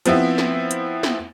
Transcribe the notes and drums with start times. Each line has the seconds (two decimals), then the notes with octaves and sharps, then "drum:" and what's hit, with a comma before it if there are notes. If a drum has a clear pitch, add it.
0.06 F3 B3 C4 E4, drum: hi-hat
0.38 drum: snare
0.71 drum: hi-hat
1.03 drum: snare